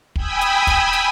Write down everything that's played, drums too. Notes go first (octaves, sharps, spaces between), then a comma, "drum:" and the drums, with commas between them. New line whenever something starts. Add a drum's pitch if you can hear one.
G5 G#5 B5 D#6 E6, drum: kick
drum: hi-hat
drum: kick, hi-hat
drum: hi-hat